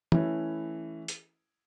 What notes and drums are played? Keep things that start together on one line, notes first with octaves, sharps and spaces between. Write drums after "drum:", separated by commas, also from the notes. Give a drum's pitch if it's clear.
E3 A3 C#4 E4, drum: tom
drum: hi-hat